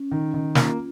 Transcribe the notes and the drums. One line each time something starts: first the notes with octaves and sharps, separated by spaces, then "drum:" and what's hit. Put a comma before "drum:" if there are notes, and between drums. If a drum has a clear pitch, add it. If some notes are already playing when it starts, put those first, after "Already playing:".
Already playing: C#4
D#3
D#3
A#3 F4, drum: snare